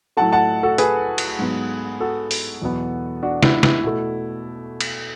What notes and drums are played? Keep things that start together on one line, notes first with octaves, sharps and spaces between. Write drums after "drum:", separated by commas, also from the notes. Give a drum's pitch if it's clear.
A2 F#3 A3 F#5 A5
F#5 A5
F#4 A4
G#4 B4, drum: hi-hat
drum: cymbal
G#2 F#3 B3
F#4 A4
drum: open hi-hat
E2 B2 F#3 B3
D4 F#4
E4, drum: snare
E4, drum: snare
B2 A3
drum: cymbal